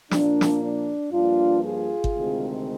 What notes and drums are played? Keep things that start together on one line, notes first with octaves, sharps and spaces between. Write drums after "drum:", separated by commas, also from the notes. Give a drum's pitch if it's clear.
A#2 F3 A#3 D4, drum: snare
drum: snare
D4
G2 F3 A#3 D4 F4
F4 G#4
drum: kick G1
D2 C3 D#3 G#3 C4